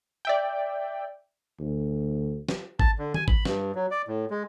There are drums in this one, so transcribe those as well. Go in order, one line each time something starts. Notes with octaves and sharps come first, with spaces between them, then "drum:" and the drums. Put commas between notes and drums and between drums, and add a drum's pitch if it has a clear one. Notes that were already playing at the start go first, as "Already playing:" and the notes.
D5 E5 G5
D2
drum: snare
A5, drum: kick G#1
D3
G#5, drum: tom D#3
B5, drum: kick G#1
G2, drum: snare
F#3
D5
A2
G#3